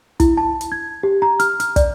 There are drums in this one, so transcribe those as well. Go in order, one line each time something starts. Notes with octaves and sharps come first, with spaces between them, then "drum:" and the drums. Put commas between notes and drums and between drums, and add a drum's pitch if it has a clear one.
E4, drum: kick, hi-hat
A5
drum: hi-hat
G#6
G4
A#5
F6, drum: hi-hat
F6, drum: hi-hat
D5, drum: kick, hi-hat